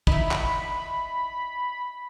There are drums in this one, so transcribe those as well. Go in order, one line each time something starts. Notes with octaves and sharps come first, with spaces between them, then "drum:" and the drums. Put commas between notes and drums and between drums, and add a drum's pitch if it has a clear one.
D#4 E4 B5, drum: kick
drum: clap